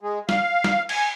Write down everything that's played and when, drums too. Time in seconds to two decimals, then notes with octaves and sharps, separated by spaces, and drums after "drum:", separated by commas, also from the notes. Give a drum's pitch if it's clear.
0.01 G#3
0.29 F5, drum: snare
0.64 drum: snare
0.89 G#5, drum: cymbal